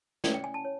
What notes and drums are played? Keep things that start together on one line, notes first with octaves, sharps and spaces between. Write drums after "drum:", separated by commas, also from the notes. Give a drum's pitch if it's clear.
C#4 E4 A4 C#5 D5, drum: snare
G5
G#5
A5
C#5